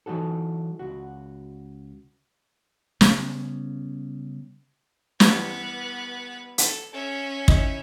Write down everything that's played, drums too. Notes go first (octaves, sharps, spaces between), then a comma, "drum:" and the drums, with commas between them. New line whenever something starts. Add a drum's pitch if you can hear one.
E3 F#3 D#4 F#4 A4
C#2 F#4
C#3 G3 B3 C#4, drum: snare
G2 E3 B3 B4, drum: snare
A4, drum: hi-hat
C#4 E5
D#4 E4, drum: kick